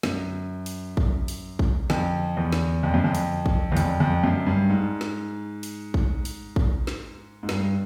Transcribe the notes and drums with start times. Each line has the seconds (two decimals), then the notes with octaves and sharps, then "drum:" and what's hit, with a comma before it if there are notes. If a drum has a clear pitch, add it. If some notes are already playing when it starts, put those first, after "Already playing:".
0.03 F#2, drum: snare
0.66 drum: open hi-hat
0.97 drum: kick
1.28 drum: open hi-hat
1.59 drum: kick
1.90 F2, drum: snare
2.37 E2
2.52 drum: snare
2.83 F2
2.94 F#2
3.04 F2
3.15 drum: open hi-hat
3.46 drum: kick
3.72 E2
3.77 F2, drum: open hi-hat
4.00 F2
4.24 F#2
4.46 G2
4.70 G#2
5.01 drum: snare
5.63 drum: open hi-hat
5.94 drum: kick
6.25 drum: open hi-hat
6.56 drum: kick
6.87 drum: snare
7.43 G#2
7.49 G2, drum: snare